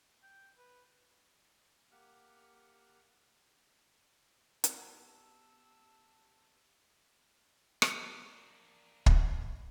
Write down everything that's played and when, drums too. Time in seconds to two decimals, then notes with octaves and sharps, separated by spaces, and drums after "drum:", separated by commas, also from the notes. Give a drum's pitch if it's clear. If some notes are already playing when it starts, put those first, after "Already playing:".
0.23 G5
0.58 B4
1.92 A#3 G4 F#5 F6
4.64 B3 G4 D5 A5 E6, drum: hi-hat
7.82 drum: rim click
8.04 A#3 D4
9.06 drum: kick